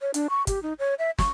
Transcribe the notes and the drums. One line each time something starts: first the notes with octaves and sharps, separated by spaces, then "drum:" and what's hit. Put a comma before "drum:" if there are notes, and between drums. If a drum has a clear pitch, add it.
C#5
D4, drum: hi-hat
C#6
G4, drum: kick, hi-hat
D#4
C#5
E5
C#6, drum: snare